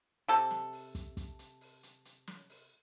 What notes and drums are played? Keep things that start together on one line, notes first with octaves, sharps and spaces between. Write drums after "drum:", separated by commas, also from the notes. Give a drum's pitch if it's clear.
C3 A4, drum: hi-hat
drum: snare
drum: open hi-hat
drum: kick, hi-hat
drum: kick, hi-hat
drum: hi-hat
drum: open hi-hat
drum: hi-hat
drum: hi-hat
drum: snare
drum: open hi-hat